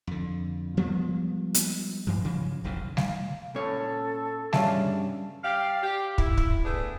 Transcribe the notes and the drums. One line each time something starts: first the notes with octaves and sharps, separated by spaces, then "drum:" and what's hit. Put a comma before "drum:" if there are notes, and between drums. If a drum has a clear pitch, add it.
F2 D3
F3 G3 G#3 B3
drum: hi-hat
G2 E3 F3
C#3 F3 F#3
E1 B1 F#2 C#3
F5, drum: snare G3
A#2 C#4 A4 C#5
G2 C#4 G#4 E5 F5 A5, drum: snare G3
G4 D5 F5
G4
E4, drum: kick
drum: kick
A3 B3 D4 E4 G#4